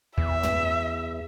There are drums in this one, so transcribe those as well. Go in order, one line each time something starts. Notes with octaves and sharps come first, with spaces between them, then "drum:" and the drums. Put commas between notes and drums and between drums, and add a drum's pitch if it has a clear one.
E2 E5, drum: kick
drum: tom